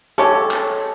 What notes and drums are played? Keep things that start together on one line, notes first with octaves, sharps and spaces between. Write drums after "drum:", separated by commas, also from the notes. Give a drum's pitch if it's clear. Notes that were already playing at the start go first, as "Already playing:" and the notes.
G#3 C#4 G4 A4, drum: rim click
drum: clap